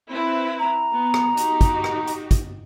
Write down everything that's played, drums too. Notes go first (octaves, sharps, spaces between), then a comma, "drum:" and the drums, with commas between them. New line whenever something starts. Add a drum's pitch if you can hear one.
C4 E4 B4
A#5
B3
drum: rim click
D#4 F#4 G4, drum: hi-hat
drum: kick, hi-hat
drum: rim click
drum: hi-hat
drum: kick, hi-hat